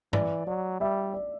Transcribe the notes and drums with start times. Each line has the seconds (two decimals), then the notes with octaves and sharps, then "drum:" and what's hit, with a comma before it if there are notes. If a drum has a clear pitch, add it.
0.13 E3 D5, drum: tom
0.47 F#3 D5
0.80 G3 E5
1.14 D5